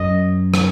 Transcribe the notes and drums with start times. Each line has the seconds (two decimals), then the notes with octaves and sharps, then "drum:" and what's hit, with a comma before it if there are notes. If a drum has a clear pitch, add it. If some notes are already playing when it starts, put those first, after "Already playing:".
Already playing: F#2 D#5
0.54 drum: rim click